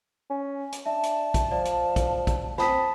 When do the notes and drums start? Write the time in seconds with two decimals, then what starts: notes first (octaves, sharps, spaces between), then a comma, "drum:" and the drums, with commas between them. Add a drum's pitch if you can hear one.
0.30 C#4
0.72 drum: hi-hat
0.86 D4 E5 A5
1.03 drum: hi-hat
1.34 drum: kick, hi-hat
1.51 F3 D5
1.65 drum: hi-hat
1.96 drum: kick, hi-hat
2.27 drum: kick, hi-hat
2.58 C4 A5 B5 D#6 B6, drum: snare